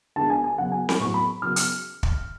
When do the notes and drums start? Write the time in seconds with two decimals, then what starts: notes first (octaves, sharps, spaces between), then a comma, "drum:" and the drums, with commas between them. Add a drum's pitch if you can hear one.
0.16 D3 G#3 B3 A5
0.30 G#5
0.44 G#5
0.58 C#3 F#3 B3 F#5
0.72 G#5
0.89 drum: snare C4
1.00 A2 F#3 B3 C#6
1.14 B5
1.42 C#3 F#3 B3 F6
1.56 F6, drum: hi-hat
2.03 drum: kick